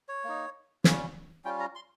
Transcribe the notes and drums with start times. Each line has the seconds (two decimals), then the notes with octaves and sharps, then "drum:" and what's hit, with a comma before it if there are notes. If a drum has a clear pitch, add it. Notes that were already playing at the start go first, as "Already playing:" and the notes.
0.09 C#5
0.24 A#3 D#4
0.84 G3 C#4 F4, drum: snare
1.45 G3 C#4 F4 G5
1.60 A#5
1.75 C6